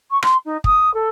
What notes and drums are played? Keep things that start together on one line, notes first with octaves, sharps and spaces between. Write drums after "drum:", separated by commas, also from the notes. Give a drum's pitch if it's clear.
C#6
C6, drum: rim click
D#4
D#6, drum: kick
A4